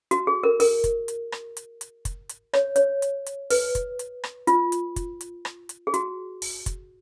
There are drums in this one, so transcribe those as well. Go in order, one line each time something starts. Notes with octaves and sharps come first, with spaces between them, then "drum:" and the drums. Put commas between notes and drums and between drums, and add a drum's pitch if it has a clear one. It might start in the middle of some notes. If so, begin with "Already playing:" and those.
F#4, drum: hi-hat
G#4
A#4
A#4, drum: open hi-hat
drum: kick, hi-hat
drum: hi-hat
drum: rim click
drum: hi-hat
drum: hi-hat
drum: kick, hi-hat
drum: hi-hat
C#5, drum: rim click
C#5, drum: hi-hat
drum: hi-hat
drum: hi-hat
B4, drum: open hi-hat
drum: kick, hi-hat
drum: hi-hat
drum: rim click
F4, drum: hi-hat
drum: hi-hat
drum: kick, hi-hat
drum: hi-hat
drum: rim click
drum: hi-hat
G#4
F#4, drum: hi-hat
drum: open hi-hat
drum: kick, hi-hat